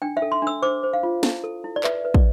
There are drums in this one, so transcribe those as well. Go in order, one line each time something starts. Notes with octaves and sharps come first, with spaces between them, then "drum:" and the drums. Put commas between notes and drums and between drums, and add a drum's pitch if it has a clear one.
D4 G5
E5
A4
C6
D4 E6
C5 D6
C5
F5
F4
E4, drum: snare
A4
E4
D5
B4 E5, drum: clap
B4
D5, drum: kick